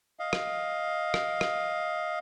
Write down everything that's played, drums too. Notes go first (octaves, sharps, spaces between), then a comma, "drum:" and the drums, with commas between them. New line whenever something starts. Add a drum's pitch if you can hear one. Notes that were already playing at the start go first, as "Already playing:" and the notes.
D#5 F5
drum: rim click
drum: rim click
drum: rim click